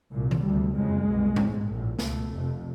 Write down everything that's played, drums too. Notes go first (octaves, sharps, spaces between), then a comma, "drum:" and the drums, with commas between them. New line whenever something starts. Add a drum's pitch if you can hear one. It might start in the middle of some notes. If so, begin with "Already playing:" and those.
C2 A#2
drum: tom D#3
D2 C3 G3
F#1 F2 C#3 G#3
C2 B2
A1 G#2, drum: tom G#2
A#1 A2
C#2 B2 A3, drum: snare
F1 F2 C3